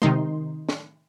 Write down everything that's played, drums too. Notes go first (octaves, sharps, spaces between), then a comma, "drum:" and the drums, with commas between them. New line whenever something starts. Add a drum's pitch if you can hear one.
C3 D#3 D#4 C6, drum: tom G#3
drum: snare